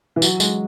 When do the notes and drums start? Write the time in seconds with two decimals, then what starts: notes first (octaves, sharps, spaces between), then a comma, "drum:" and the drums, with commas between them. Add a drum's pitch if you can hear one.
0.16 E3
0.22 F#3, drum: tambourine
0.40 G#3, drum: tambourine